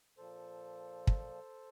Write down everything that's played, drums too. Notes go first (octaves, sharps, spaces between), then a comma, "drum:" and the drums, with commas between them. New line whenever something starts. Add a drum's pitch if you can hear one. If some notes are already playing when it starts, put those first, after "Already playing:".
A#2 F3 A4 C5
drum: kick